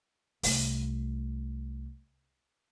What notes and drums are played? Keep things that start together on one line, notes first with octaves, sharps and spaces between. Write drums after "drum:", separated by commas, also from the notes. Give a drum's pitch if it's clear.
C2 A3, drum: open hi-hat